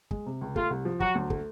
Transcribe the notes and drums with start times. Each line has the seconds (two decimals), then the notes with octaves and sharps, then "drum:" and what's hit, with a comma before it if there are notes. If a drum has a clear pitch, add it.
0.11 G#3, drum: kick
0.26 C3
0.41 C#2
0.56 A3 F4, drum: kick
0.70 C2
0.85 F3
1.00 F#3 F#4, drum: kick
1.15 D2
1.30 A3, drum: kick